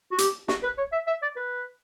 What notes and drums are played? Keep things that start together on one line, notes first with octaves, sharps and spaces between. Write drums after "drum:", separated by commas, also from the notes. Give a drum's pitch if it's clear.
F#4
G4, drum: hi-hat
F#4, drum: snare
B4
C#5
E5
E5
D5
B4